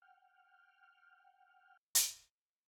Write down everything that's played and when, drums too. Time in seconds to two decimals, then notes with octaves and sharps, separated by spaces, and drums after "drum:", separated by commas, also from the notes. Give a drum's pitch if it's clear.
0.02 F#5 G5 F6
1.95 drum: hi-hat